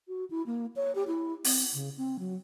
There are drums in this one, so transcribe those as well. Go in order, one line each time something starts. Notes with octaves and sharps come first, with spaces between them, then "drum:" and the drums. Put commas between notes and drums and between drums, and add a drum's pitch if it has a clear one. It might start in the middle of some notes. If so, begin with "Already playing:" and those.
F#4
E4
A#3
C#5
G4
E4
C4, drum: open hi-hat
C#3
C4
F#3